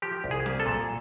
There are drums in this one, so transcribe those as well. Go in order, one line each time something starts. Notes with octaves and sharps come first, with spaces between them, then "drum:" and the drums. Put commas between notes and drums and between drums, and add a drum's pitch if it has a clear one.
F3 G4
C2, drum: kick
G#4
A#3, drum: snare C4
A4
A#2, drum: kick